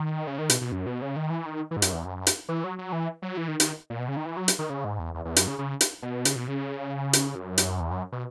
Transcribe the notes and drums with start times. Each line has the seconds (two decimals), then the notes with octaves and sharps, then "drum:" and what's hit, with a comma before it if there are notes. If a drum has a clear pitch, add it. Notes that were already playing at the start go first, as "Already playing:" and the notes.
Already playing: D#3
0.27 C#3
0.38 D#3
0.50 B2, drum: hi-hat
0.61 B2
0.72 F#2
0.86 B2
1.02 C#3
1.16 D#3
1.30 E3
1.46 D#3
1.71 E3
1.77 G#2
1.82 F#2, drum: hi-hat
1.93 E2
2.05 F#2
2.27 drum: hi-hat
2.49 E3
2.64 F#3
2.79 F#3
2.92 E3
3.22 F#3
3.37 E3
3.48 D#3
3.60 D#3, drum: hi-hat
3.90 A#2
3.99 B2
4.08 C#3
4.17 D#3
4.26 E3
4.37 F#3
4.48 drum: hi-hat
4.59 D#3
4.70 C#3
4.85 G#2
4.99 E2
5.14 E2
5.25 E2
5.36 F#2, drum: hi-hat
5.48 C#3
5.59 C#3
5.81 drum: hi-hat
6.02 B2
6.25 C#3, drum: hi-hat
6.36 B2
6.48 C#3
7.13 drum: hi-hat
7.35 F#2
7.58 drum: hi-hat
7.80 E2
7.91 F#2
8.12 B2